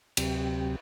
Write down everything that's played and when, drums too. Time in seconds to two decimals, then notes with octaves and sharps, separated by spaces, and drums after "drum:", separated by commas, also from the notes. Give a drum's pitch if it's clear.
0.17 D2 C3 F#3 C4 G4 G5, drum: cymbal